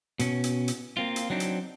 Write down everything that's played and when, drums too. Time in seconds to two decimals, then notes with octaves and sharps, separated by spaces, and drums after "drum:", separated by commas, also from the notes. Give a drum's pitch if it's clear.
0.19 B2 C#4, drum: hi-hat
0.44 drum: hi-hat
0.68 drum: hi-hat
0.97 A#3 C4 F4
1.16 drum: hi-hat
1.30 F#3 C4 D4 D#4
1.40 drum: hi-hat